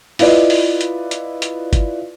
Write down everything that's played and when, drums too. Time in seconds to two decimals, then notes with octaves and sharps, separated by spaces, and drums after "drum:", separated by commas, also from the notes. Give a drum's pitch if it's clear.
0.19 E4 F4 B4 D5 D#5, drum: open hi-hat
0.50 drum: open hi-hat
0.81 drum: hi-hat
1.11 drum: hi-hat
1.42 drum: hi-hat
1.73 drum: kick, hi-hat